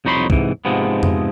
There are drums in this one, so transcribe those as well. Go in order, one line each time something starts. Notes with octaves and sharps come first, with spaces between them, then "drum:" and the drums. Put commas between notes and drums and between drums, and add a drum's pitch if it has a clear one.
C2 F2 D#4 C#5 B5 C6
G#2 C3 E3, drum: kick
G#2 C3 F3 G#3 B3
drum: tom F2